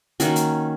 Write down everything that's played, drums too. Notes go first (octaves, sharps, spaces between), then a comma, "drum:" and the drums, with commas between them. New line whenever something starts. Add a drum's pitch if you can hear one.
D#3 A#3 C#4 F#4, drum: hi-hat
drum: hi-hat